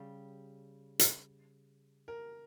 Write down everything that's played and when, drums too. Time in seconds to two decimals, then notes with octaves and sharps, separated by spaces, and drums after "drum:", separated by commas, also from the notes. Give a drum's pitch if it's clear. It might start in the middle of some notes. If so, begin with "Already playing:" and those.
Already playing: C#3 G3
0.99 drum: hi-hat
2.08 A#4